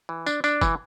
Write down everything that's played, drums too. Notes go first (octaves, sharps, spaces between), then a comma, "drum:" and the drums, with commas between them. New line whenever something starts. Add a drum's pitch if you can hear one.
E3
D4, drum: tambourine
D4, drum: tambourine
E3, drum: kick F#1, tambourine